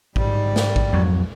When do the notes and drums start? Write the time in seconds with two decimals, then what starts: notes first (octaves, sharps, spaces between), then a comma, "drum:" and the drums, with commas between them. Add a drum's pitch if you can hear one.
0.16 G#2 G3, drum: kick A1
0.56 drum: snare
0.76 drum: kick A1
0.93 F2 F#3